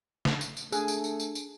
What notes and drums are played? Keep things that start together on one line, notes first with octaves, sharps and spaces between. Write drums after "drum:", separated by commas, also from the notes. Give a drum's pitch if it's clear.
drum: snare
drum: tambourine
drum: tambourine
A3 D4 G#4, drum: tambourine
drum: tambourine
drum: tambourine
drum: tambourine
drum: tambourine